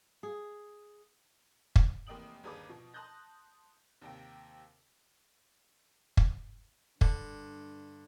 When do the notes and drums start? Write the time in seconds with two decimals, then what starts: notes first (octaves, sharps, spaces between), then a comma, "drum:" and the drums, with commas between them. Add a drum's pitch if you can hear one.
0.23 G#4
1.76 drum: kick
2.07 F1 E2 A#3 G5 D#6 F#7
2.44 G1 D#2 G#4 B4 D6
2.69 B2 F3
2.94 A5 C6 D#6 F#6 G6 A#6
4.01 D#2 C3 G5
6.17 drum: kick
7.01 G2 D3, drum: kick